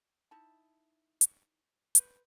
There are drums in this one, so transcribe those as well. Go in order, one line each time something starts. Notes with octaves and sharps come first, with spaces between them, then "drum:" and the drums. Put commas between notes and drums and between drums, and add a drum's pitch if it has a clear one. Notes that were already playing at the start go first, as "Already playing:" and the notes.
D#4 E4 A5
drum: hi-hat
B4 C5, drum: hi-hat